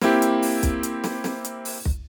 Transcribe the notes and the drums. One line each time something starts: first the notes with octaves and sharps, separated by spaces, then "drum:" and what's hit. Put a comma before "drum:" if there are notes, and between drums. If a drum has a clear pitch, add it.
A#3 C4 E4 G4, drum: snare
drum: hi-hat
drum: open hi-hat
drum: kick, hi-hat
drum: hi-hat
drum: snare
drum: snare
drum: hi-hat
drum: open hi-hat
drum: kick